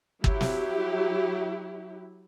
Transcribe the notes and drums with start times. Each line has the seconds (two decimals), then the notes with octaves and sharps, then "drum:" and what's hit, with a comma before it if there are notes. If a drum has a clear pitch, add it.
0.24 F#3 E4 G4, drum: kick
0.41 drum: snare